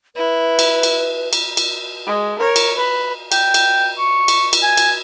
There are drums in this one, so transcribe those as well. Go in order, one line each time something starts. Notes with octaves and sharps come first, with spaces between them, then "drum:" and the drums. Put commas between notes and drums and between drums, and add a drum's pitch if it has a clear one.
E4 B4
drum: cymbal
drum: cymbal
drum: cymbal
drum: cymbal
G#3
A#4 C#5
drum: cymbal
B4
G5, drum: cymbal
drum: cymbal
C#6
drum: cymbal
drum: cymbal
G#5
drum: cymbal